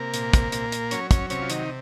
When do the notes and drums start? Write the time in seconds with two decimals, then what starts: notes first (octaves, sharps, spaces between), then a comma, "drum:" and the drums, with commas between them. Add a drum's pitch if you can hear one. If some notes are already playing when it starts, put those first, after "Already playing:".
Already playing: C3 A#3 A#4
0.14 A#2, drum: hi-hat
0.33 drum: kick, hi-hat
0.52 A#2, drum: hi-hat
0.72 drum: hi-hat
0.91 F#3 C#4 C#5, drum: hi-hat
1.11 C#4 C#5, drum: kick, hi-hat
1.30 C3 C#4 C#5, drum: hi-hat
1.42 F4
1.50 D#3 D#4, drum: hi-hat